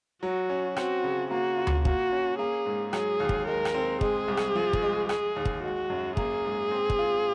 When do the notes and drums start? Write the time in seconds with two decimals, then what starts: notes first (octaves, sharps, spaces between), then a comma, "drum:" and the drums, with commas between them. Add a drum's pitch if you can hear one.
0.23 F#3 F#4
0.50 C#4
0.76 C4 F#4, drum: rim click
1.04 C#3
1.31 A#3 F#4
1.58 F4
1.67 drum: tom D2
1.85 A#3 F#4, drum: kick
2.12 C#4
2.39 A#3 G#4
2.66 G#2
2.93 F#3 G#4, drum: rim click
3.20 D#2
3.29 drum: kick
3.47 G#3 A#4
3.65 drum: rim click
3.74 C4
4.01 G#3 G#4, drum: kick
4.28 C2
4.37 drum: rim click
4.55 F3
4.73 drum: kick
4.82 G#3
5.09 G#3 G#4, drum: rim click
5.36 D#2
5.45 drum: kick
5.64 G#3 F#4
5.90 F#2
6.17 A#3 G#4, drum: kick
6.45 G#2
6.71 C4
6.90 drum: kick
6.99 F4